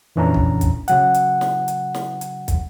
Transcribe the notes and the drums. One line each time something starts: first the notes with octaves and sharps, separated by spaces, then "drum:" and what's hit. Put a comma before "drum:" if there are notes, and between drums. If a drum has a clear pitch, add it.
F2 A#2 E3 C#4 D4 A#5
drum: kick
drum: kick, hi-hat
C#3 F#3 F#5, drum: hi-hat
drum: hi-hat
drum: snare
drum: hi-hat
drum: snare
drum: hi-hat
drum: kick, hi-hat